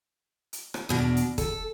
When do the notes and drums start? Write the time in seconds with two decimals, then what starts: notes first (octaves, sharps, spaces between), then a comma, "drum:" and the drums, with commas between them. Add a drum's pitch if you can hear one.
0.53 drum: hi-hat
0.74 drum: rim click
0.89 E2 B2 D4
1.17 drum: hi-hat
1.38 A4, drum: kick, hi-hat